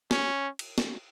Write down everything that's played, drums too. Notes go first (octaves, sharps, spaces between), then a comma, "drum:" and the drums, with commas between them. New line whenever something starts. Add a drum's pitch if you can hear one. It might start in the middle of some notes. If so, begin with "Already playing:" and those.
C#4, drum: snare
drum: cymbal
drum: snare